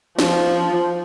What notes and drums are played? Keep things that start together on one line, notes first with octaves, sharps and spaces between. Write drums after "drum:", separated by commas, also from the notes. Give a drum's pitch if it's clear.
F3, drum: snare